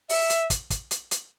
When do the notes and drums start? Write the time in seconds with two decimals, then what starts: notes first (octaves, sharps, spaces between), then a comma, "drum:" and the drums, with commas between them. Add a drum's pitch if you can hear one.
0.09 E5, drum: open hi-hat
0.30 drum: hi-hat
0.50 drum: kick, hi-hat
0.70 drum: kick, hi-hat
0.91 drum: hi-hat
1.11 drum: hi-hat